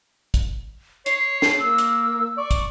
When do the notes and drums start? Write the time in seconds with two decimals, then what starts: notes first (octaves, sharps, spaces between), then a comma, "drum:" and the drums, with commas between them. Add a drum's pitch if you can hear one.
0.34 drum: kick, hi-hat
1.06 C#5 C7, drum: hi-hat
1.42 drum: snare
1.60 A#3 E6
1.78 drum: hi-hat
2.37 D5 C#6
2.51 drum: kick, hi-hat